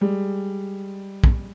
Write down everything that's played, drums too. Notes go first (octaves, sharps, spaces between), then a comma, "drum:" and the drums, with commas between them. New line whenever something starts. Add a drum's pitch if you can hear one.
G3 G#3
drum: kick